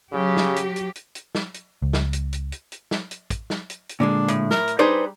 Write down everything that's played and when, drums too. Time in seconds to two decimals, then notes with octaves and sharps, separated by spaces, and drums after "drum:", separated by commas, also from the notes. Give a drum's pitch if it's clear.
0.13 C#3 F#3 G4
0.37 drum: snare
0.56 drum: hi-hat
0.76 drum: hi-hat
0.95 drum: hi-hat
1.15 drum: hi-hat
1.35 drum: snare
1.54 drum: hi-hat
1.82 C#2
1.93 drum: snare
2.13 drum: hi-hat
2.33 drum: hi-hat
2.52 drum: hi-hat
2.72 drum: hi-hat
2.91 drum: snare
3.11 drum: hi-hat
3.30 drum: kick, hi-hat
3.50 drum: snare
3.70 drum: hi-hat
3.89 drum: hi-hat
4.00 A#2 D3 G#3 D4
4.28 A2, drum: hi-hat
4.51 A#4, drum: snare
4.68 drum: hi-hat
4.79 G3 D#4 G#4 B4 C5 D5